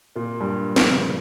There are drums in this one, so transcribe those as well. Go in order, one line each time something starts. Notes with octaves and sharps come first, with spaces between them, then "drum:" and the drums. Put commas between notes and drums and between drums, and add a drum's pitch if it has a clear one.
A#2 A#3
G2 G3
F2 F3, drum: snare
C#3
C#3